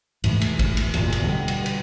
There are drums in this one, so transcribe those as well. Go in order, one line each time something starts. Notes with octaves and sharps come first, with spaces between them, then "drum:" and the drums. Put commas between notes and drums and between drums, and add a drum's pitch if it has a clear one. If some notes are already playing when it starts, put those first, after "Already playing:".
G#2 B2 E3 A3, drum: cymbal
drum: cymbal
drum: kick, cymbal
drum: cymbal
F#1 E2 A#2, drum: cymbal
drum: cymbal
B2 D3 F3 G3
drum: cymbal
drum: cymbal